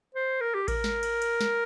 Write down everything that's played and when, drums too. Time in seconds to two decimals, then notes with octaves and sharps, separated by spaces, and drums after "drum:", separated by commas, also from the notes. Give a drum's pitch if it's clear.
0.15 C5
0.40 A#4
0.54 G4
0.68 A#4, drum: kick A1, cymbal
0.84 drum: snare
1.03 drum: cymbal
1.22 drum: cymbal
1.41 drum: snare